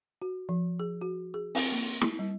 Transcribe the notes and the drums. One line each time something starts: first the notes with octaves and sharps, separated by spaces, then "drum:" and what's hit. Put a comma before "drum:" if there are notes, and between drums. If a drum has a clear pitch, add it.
F#4
F3
G#4
F#4
G#4
C4, drum: open hi-hat
A#3
E4, drum: snare
G3